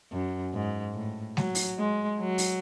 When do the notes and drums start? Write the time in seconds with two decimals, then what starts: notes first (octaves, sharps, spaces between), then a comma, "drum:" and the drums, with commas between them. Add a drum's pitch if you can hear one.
0.12 F#2
0.54 G#2
0.95 A2
1.37 F#3, drum: snare G#3
1.55 drum: open hi-hat
1.78 G#3
2.19 F#3
2.38 drum: open hi-hat